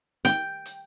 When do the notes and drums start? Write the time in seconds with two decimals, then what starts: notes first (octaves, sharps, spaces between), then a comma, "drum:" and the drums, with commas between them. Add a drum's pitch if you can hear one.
0.25 G5, drum: snare
0.66 drum: hi-hat